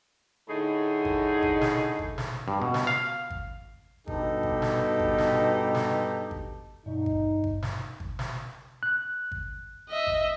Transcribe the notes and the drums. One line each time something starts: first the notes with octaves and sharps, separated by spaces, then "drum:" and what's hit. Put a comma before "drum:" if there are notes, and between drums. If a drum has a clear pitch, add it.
A2 D3 D#4 G#4
drum: kick G#1
drum: kick G#1
drum: snare
drum: kick G#1
drum: snare
G2
B2
drum: snare
F5
drum: kick G#1
G2 B2 D#4 G4 A4, drum: kick G#1
drum: kick G#1
drum: snare
drum: kick G#1
drum: snare
drum: snare
drum: kick G#1
G2 B2 D#4
drum: kick G#1
drum: kick G#1
drum: snare
drum: kick G#1
drum: snare
F#6
drum: kick G#1
D#5 E5
drum: kick G#1